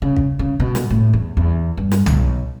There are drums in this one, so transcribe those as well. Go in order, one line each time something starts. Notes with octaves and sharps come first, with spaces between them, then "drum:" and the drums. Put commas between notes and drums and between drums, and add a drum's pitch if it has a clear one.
C#3
drum: kick
C#3
B2
drum: snare
A2
E2
E2
G2
drum: snare
B1, drum: tom